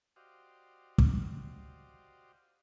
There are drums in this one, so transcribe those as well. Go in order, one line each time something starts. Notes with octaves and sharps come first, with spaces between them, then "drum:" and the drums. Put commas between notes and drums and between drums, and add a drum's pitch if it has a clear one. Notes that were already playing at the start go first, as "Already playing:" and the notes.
F#4 G4 C5 D5 D#5 F5
drum: kick